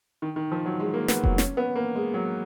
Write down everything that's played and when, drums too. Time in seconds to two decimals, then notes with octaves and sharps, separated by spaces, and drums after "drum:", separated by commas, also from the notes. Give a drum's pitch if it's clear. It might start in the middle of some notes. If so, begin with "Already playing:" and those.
0.22 D#3
0.36 D#3
0.52 F3
0.66 F#3
0.80 G#3
0.94 A#3
1.08 B3, drum: snare
1.24 F#3, drum: kick F1
1.38 C#4, drum: snare
1.57 B3
1.75 A#3
1.95 G#3
2.14 F#3